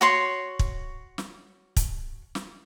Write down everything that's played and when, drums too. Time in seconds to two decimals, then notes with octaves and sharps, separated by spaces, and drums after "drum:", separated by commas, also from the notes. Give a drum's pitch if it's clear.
0.01 F#4 C#5 C6
0.59 drum: kick
1.18 drum: snare
1.76 drum: kick, hi-hat
2.35 drum: snare